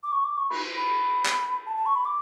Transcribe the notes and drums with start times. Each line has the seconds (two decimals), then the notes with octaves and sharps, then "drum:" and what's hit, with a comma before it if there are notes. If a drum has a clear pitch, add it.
0.03 D6
0.12 C#6
0.24 D6
0.37 C#6
0.50 B5, drum: cymbal
0.76 B5
1.26 drum: clap
1.66 A5
1.76 A5
1.86 C#6
1.96 B5
2.05 D6